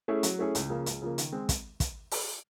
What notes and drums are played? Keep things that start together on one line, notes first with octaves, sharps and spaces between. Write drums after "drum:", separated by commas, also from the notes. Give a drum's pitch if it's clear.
A3 C#4 E4 G#4
F#3, drum: hi-hat
A3 C#4 E4 G#4
C#2, drum: hi-hat
C#3 F3 A#3
C#2, drum: hi-hat
C#3 F3 A#3
D#3, drum: hi-hat
G#3 C4
drum: kick, hi-hat
drum: kick, hi-hat
drum: open hi-hat